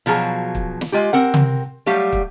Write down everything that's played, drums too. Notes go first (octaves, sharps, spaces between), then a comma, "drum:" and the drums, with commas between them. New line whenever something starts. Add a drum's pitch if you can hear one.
B2 F3 F#3 G#4 A#5
drum: kick
drum: snare
G#3 F4 G4
C4 A#4 F#5
drum: tom
F#3 G3 A3 G4 F5
drum: kick